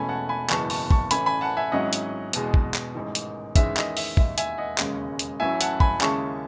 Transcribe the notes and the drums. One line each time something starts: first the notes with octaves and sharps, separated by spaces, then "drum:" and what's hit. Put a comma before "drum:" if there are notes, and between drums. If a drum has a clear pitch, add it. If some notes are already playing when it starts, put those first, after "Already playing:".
Already playing: E1 E2 B2 A3 C#4 G#5 B5
F#5 A5
G#5 B5
F#1 E2 B2 G#3 B3 A5 C#6, drum: clap
A5 C#6, drum: open hi-hat
A5 C#6, drum: kick
A1 A2 E3 A3 C#4 G#5 B5, drum: hi-hat
G#5 B5
F#5 A5
E5 G#5
G#1 G#2 F#3 C#4 E4 D#5 F#5
drum: hi-hat
E2 B2 G#3, drum: hi-hat
drum: kick
drum: clap
A1 G#2 D#3
drum: hi-hat
E2 D#3 G#3 C#4 E4 E5, drum: kick, hi-hat
D#5, drum: clap
E5, drum: open hi-hat
E1 D#2 D#3 E5, drum: kick
E5 G#5, drum: hi-hat
D#5 F#5
E1 D#2 C#3 G#3 C#4, drum: clap
drum: hi-hat
A1 A2 F#3 C#4 E4 E5 G#5
F#5 A5, drum: hi-hat
G#5 B5, drum: kick
D#2 C#3 G#3 C#4 E4 A5 C#6, drum: clap